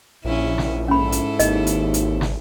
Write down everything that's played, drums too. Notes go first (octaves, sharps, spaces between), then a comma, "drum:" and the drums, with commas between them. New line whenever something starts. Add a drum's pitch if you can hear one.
A#1 C#4 E4
drum: snare
G#2 C#4 E4 A4 B5
drum: hi-hat
G#1 D#2 D#5, drum: hi-hat
drum: hi-hat
drum: hi-hat
drum: snare